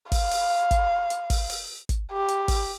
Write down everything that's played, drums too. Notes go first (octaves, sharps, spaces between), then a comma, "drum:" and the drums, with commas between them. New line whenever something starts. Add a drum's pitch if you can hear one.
F5, drum: kick, open hi-hat
drum: open hi-hat
drum: kick, hi-hat
drum: hi-hat
drum: kick, open hi-hat
drum: open hi-hat
drum: kick, hi-hat
G4
drum: hi-hat
drum: kick, open hi-hat